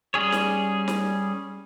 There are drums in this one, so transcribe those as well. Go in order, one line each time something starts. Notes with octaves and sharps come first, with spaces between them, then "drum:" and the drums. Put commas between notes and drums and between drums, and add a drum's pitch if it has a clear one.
G3 C#4 G#4 C#5
drum: snare
drum: snare